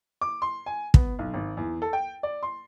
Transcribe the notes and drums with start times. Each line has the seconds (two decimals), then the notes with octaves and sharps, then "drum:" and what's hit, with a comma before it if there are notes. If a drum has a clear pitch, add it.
0.21 D6
0.42 C6
0.66 G#5
0.94 B3, drum: kick
1.19 B1
1.34 G#1
1.57 E2
1.82 A4
1.93 G5
2.23 D5
2.43 C6